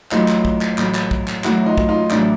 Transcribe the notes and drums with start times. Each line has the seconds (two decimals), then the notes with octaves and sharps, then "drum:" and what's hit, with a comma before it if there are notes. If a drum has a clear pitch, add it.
0.11 A1 A2 F#3 D#4 F4, drum: clap
0.28 drum: clap
0.45 drum: kick
0.61 drum: clap
0.78 A1 A2 F#3, drum: clap
0.95 drum: clap
1.11 drum: kick
1.28 drum: clap
1.44 A1 A2 F#3 E4 F#4, drum: clap
1.66 D#4 F4
1.78 drum: kick
1.88 D#4 F4
2.11 A1 A2 F#3 D4 E4, drum: clap